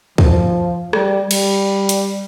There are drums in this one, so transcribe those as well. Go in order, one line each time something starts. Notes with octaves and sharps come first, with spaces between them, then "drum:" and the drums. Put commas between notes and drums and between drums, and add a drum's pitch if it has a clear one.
F3, drum: kick
G3, drum: rim click
G3, drum: cymbal
drum: hi-hat